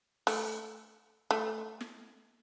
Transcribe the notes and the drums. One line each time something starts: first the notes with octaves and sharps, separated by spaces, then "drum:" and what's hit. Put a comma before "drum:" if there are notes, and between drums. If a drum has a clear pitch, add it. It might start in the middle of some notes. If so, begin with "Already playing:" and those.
A3, drum: open hi-hat
A3
drum: snare